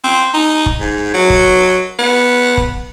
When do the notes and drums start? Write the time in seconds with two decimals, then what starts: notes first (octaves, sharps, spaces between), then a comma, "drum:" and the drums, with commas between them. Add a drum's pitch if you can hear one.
0.04 C4
0.34 D#4
0.66 drum: kick
0.80 G#2
1.14 F#3
1.30 drum: kick
1.99 B3
2.57 drum: kick